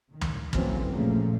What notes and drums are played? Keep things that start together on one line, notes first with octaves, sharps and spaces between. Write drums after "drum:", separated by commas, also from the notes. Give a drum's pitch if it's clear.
D#3
drum: tom
F#2 D3 E3 F#3 A#3 C4, drum: kick
A#2 C#3 F3 A3 A#3